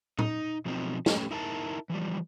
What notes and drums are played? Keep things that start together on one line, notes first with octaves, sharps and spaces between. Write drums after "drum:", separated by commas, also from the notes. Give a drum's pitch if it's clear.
D#4, drum: tom A2
B2 F3 F#3 C4 D#4
A3 C#4 G4 A4 B4, drum: snare
D#4 E4 A#4 G5 A5
E3 F3 G3